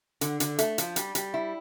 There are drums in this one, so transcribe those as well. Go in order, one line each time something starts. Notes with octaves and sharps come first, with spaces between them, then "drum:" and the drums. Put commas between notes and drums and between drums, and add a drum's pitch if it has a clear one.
D3, drum: hi-hat
D3, drum: hi-hat
A3, drum: hi-hat
F3, drum: hi-hat
G3, drum: hi-hat
G3, drum: hi-hat
E4